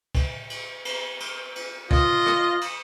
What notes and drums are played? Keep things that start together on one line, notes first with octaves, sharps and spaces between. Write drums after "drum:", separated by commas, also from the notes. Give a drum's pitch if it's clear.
drum: kick, cymbal
drum: cymbal
drum: cymbal
drum: cymbal
drum: cymbal
F4 D#5, drum: kick
drum: rim click
drum: cymbal